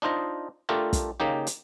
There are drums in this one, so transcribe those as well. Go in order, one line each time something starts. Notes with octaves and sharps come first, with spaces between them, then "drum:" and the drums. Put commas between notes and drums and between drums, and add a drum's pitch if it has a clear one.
D4 D#4 F4 C5 D#5
A3 D4 F4 G4 A4 A#4
drum: kick, hi-hat
C#3 A#3 D#4 G4
drum: hi-hat